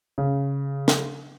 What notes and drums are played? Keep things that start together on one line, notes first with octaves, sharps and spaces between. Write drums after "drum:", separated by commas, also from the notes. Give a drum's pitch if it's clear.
C#3
drum: snare